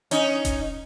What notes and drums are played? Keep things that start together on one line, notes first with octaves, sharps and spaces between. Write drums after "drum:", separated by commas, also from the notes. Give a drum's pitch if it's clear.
C#4 D#4, drum: hi-hat
drum: kick E1, hi-hat